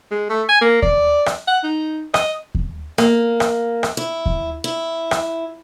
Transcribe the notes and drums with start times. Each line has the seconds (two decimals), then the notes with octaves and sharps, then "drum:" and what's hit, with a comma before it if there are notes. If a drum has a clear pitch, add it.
0.11 G#3
0.30 A3
0.49 G#5
0.61 A#3
0.82 D5, drum: kick D#2
1.26 drum: rim click
1.48 F#5
1.64 D#4
2.14 D#5, drum: rim click
2.55 drum: kick D#2
2.98 A#3, drum: rim click
3.40 drum: rim click
3.83 drum: rim click
3.97 E4
4.26 drum: kick D#2
4.64 E4
5.11 drum: rim click